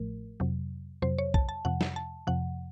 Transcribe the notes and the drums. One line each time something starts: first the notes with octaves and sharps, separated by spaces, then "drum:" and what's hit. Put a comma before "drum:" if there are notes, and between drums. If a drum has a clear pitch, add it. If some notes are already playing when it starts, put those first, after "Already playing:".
Already playing: A1 A2 F3 A3 A#4
F2 C3 F#3
F2 C3 F#3 C5
C#5
A5, drum: kick B1
A5
F2 C3 F3 F#5
drum: snare
A5
F2 C3 F3 F#5